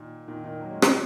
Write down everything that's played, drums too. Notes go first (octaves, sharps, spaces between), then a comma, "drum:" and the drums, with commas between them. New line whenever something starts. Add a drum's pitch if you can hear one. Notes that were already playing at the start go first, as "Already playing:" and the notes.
Already playing: A#2 D#3
A#2 D#3
A#2 D#3
F#3 A#3
G#3 C#4
G#3 C#4, drum: rim click